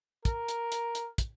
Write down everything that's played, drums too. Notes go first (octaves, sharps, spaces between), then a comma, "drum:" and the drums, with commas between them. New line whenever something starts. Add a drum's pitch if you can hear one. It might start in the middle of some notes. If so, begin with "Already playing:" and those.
A#4, drum: kick, hi-hat
drum: hi-hat
drum: hi-hat
drum: hi-hat
drum: kick, hi-hat